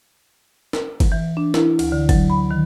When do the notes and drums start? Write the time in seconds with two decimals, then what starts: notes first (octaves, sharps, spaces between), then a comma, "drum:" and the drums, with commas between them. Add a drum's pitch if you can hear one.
0.73 drum: snare
1.00 drum: kick G1, cymbal
1.12 E3
1.37 D4
1.54 E4, drum: snare
1.79 D2, drum: cymbal
1.92 D3
2.09 F#3, drum: kick G1, cymbal
2.30 B5
2.51 D#3